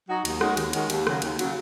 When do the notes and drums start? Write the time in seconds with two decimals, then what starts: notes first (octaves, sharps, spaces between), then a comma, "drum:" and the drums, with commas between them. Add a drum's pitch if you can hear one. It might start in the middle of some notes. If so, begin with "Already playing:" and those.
0.08 F#3 D#4 F#4
0.25 D#2, drum: cymbal
0.41 D#3 G#3 C#4 F#4, drum: rim click
0.57 D#2, drum: cymbal
0.73 D#3 G#3 C#4 F#4, drum: cymbal
0.90 D#2, drum: cymbal
1.07 C#3 F#3, drum: rim click
1.22 D#2, drum: cymbal
1.39 C#3 F#3, drum: cymbal